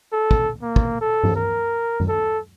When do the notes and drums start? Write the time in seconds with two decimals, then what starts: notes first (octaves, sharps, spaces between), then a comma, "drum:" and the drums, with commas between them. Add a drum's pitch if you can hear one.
0.13 A4
0.31 drum: kick
0.62 A#3
0.76 drum: kick
1.01 A4
1.23 drum: tom G2
1.36 A#4
2.00 drum: tom F#2
2.09 A4